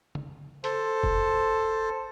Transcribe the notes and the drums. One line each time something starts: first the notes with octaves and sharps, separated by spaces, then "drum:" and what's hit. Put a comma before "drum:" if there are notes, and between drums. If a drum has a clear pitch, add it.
drum: tom C#3
A4 C5, drum: hi-hat
drum: kick F1